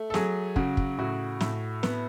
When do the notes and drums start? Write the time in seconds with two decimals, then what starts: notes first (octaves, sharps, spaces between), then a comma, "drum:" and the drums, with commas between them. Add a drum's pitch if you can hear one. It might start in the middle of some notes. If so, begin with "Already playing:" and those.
Already playing: A3
0.10 A4
0.14 F#3 G#4, drum: snare
0.56 C#3 F#4, drum: kick
0.77 drum: kick
0.98 A2 F#4
1.40 A2, drum: snare
1.83 B3, drum: snare